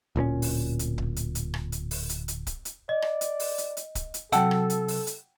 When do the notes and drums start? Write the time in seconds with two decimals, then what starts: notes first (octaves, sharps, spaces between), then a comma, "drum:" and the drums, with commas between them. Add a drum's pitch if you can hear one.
0.16 D1 A#2 A#3 C#4
0.42 drum: open hi-hat
0.79 drum: hi-hat
0.98 drum: kick C#1
1.16 drum: hi-hat
1.35 drum: hi-hat
1.54 drum: rim click
1.72 drum: hi-hat
1.91 drum: open hi-hat
2.09 drum: hi-hat
2.28 drum: hi-hat
2.47 drum: kick C#1, hi-hat
2.65 drum: hi-hat
2.89 D5 D#5
3.02 drum: rim click
3.21 drum: hi-hat
3.40 drum: open hi-hat
3.58 drum: hi-hat
3.77 drum: hi-hat
3.95 drum: kick C#1, hi-hat
4.14 drum: hi-hat
4.32 C3 F#3 A4 F#5 G5 A5 E6, drum: hi-hat
4.51 drum: rim click
4.70 drum: hi-hat
4.88 drum: open hi-hat
5.07 drum: hi-hat